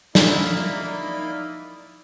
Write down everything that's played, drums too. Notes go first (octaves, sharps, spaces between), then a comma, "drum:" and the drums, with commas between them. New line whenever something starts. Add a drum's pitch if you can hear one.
F3 A#3 D#4 E4 D5 B5, drum: snare